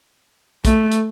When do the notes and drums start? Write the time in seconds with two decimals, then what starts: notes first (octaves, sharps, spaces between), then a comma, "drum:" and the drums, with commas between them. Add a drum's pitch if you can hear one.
0.65 A3, drum: kick, hi-hat
0.92 drum: hi-hat